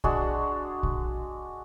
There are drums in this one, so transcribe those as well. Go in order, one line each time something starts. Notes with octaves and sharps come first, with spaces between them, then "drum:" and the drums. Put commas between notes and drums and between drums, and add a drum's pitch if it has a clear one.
G#3 D4 F#4, drum: kick A#1
drum: kick A#1